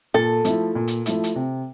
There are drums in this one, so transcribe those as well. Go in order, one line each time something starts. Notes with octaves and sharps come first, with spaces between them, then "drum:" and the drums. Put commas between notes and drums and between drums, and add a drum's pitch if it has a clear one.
A#2 A4
F3 A3 E4, drum: hi-hat
A#2
drum: hi-hat
F3 A3 E4, drum: hi-hat
drum: hi-hat
C3